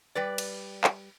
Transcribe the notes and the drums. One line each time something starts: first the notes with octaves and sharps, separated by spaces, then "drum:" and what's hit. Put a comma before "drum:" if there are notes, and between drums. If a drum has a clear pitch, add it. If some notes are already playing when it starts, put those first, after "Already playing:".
G3 B4 D5
drum: cymbal
drum: clap